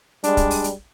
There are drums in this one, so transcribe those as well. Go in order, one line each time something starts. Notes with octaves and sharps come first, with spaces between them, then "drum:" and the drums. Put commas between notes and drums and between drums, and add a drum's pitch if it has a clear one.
G3 G#3 D4, drum: hi-hat
drum: kick, hi-hat
drum: open hi-hat
drum: hi-hat